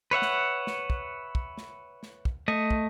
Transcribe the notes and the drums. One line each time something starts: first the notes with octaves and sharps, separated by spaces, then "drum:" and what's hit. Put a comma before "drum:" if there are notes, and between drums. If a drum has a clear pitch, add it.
B4 C#5 E5 F#5
drum: snare
drum: snare
drum: kick
drum: kick
drum: snare
drum: snare
drum: kick
A3 D#5
drum: kick